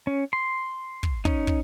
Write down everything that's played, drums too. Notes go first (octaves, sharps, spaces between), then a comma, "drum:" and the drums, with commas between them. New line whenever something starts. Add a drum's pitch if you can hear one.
C#4
C6
drum: kick
C#4 D#4, drum: kick
drum: kick